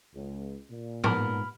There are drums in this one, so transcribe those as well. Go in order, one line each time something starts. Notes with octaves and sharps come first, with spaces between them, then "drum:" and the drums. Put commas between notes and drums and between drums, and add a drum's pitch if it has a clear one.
C#2
A#2
G#2 B3 A#4 B5 F6, drum: tom A2